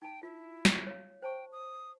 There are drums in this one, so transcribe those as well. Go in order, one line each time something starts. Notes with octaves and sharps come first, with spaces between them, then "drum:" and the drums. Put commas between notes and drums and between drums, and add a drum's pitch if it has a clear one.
D#4 G5 A5
E4 F4
drum: snare
C#5 F5
C5 G5 A5 C#6
D#6